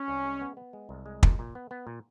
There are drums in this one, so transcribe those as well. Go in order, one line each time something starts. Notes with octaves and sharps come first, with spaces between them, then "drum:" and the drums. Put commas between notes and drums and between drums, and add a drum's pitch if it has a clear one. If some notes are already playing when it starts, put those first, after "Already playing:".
Already playing: C#4
C2
G#3
B3
B3
G#3
C2
G#3
A#2, drum: kick
A#2
B3
B3
A#2